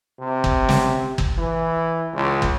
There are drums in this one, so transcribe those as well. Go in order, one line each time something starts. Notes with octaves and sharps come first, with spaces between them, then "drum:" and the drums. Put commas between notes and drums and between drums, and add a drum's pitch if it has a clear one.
C3
drum: kick
drum: snare
drum: kick
E3
C#2
drum: kick